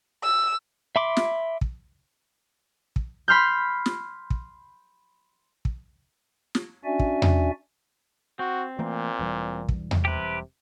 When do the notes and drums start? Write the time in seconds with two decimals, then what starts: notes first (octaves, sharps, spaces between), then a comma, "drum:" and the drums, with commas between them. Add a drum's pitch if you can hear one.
0.23 E6
0.96 E5 B5 C6 D6
1.17 drum: snare
1.61 drum: kick
2.96 drum: kick
3.28 B5 C6 F6 G6
3.86 drum: snare
4.30 drum: kick
5.65 drum: kick
6.55 drum: snare
6.85 C#4 D4 F#4 D5 E5 G#5
6.99 drum: kick
7.22 drum: tom E2
8.39 C4 F#4
8.79 A#2 E3 A3 A#3
9.19 E1 E3 G3
9.69 drum: kick
9.91 drum: tom E2
10.05 C3 G4 B4